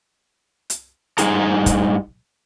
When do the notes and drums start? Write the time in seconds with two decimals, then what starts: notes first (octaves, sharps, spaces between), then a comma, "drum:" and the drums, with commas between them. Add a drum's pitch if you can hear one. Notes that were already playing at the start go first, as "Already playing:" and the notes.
0.70 drum: hi-hat
1.18 G2 D#3 D#4 G#4 A#5, drum: hi-hat
1.66 drum: kick, hi-hat